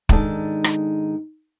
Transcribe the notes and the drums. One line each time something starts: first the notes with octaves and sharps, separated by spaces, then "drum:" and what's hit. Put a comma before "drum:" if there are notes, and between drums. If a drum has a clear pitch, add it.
G#2 D#3 G#3 D4 A4 D5, drum: kick
drum: rim click